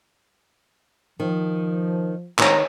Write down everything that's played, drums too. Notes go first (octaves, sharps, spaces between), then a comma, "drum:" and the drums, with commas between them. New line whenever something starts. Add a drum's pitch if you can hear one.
D#3 F3
C3 D#3 G#3 D#4 C#5 A#5, drum: clap